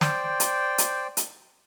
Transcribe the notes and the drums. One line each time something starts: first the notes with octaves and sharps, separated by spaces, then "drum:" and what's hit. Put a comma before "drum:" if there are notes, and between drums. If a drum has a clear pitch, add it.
C5 D5 G5, drum: snare
drum: hi-hat
drum: hi-hat
drum: hi-hat